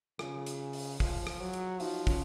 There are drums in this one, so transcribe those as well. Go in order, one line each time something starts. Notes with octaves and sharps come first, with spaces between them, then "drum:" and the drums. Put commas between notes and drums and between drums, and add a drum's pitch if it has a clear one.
C#3 F4 G#4, drum: rim click
drum: hi-hat
drum: open hi-hat
F3, drum: kick, open hi-hat
drum: rim click
F#3
drum: hi-hat
F3 D#4 F#4, drum: open hi-hat
C#4 F4, drum: kick, open hi-hat